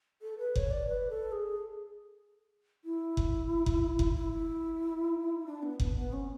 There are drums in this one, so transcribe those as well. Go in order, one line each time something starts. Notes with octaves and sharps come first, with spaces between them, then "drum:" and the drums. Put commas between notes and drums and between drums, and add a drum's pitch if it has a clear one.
A4
B4
C#5, drum: kick F#1
D5
B4
A4
G#4
E4
drum: kick F#1
drum: kick F#1
drum: kick F#1
E4
D4
B3
B3, drum: kick F#1
B3
C#4